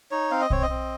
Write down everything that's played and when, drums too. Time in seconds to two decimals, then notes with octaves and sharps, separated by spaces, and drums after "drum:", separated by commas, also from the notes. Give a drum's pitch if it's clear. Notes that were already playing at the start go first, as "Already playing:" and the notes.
0.11 D#4 C#5
0.31 C4 F5
0.41 D#5
0.50 C4 C#5, drum: kick
0.63 D#5
0.70 C4